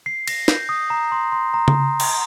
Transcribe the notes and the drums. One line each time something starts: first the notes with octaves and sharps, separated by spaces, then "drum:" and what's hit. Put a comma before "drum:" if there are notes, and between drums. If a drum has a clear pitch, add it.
C7
A#6, drum: cymbal
G6, drum: snare
D#6
A#5
C6
C6
A#5
drum: tom C#3
drum: cymbal